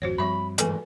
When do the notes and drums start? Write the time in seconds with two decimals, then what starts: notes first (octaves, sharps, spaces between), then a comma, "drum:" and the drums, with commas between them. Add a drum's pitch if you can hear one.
0.02 G#1 F2 F#4 C5 C#5
0.18 G2 F3 G3 C4 E5 B5 C#6
0.58 D#2 G#2 E3 A4 B4 G#5, drum: hi-hat